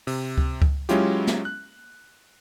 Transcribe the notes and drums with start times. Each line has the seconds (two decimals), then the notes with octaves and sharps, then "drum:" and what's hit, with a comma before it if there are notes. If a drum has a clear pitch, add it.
0.07 C3, drum: open hi-hat
0.38 drum: kick C#2
0.62 drum: kick C#2
0.89 F#3 G#3 C#4 E4 F4 G4, drum: hi-hat
1.27 drum: snare
1.45 F#6